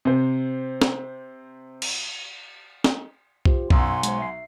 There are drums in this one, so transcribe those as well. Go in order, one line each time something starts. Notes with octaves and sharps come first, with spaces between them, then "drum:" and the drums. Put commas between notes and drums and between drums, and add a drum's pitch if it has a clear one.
C3 C5
drum: snare
drum: cymbal
drum: snare
F4 G4 C5, drum: kick B1
B1 F#2 F#5 G#5 C6 E6, drum: kick B1
G#3 C5, drum: hi-hat
E5 C7